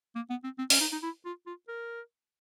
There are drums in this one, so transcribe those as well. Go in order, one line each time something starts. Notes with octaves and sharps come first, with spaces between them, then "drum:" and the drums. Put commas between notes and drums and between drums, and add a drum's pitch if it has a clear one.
A#3
B3
C4
C4
C#4, drum: open hi-hat
D#4
D#4
E4
F4
F4
A#4